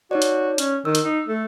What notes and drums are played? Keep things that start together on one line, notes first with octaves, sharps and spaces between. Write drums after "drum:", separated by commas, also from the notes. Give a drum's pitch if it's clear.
D#4 F#4 C#5 D5
drum: hi-hat
C#4, drum: hi-hat
D#3 E6
drum: hi-hat
D#4
A3